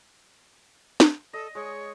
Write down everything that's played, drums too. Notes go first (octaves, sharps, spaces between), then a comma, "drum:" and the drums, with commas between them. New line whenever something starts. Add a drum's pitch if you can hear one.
drum: snare
A4 D#5
G#3 C#5